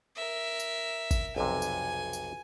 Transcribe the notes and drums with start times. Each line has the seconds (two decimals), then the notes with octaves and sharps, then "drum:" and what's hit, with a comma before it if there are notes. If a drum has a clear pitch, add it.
0.16 A#4 E5
0.60 drum: tambourine
1.11 drum: kick G#1, tambourine
1.36 B1 F2 C3 G#5
1.62 drum: tambourine
2.13 drum: tambourine